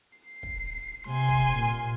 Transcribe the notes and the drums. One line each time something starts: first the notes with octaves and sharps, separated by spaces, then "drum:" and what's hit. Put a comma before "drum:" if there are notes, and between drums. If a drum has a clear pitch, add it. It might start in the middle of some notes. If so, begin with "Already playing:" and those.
C7
drum: kick
C3 G#5 C6
drum: kick
A#2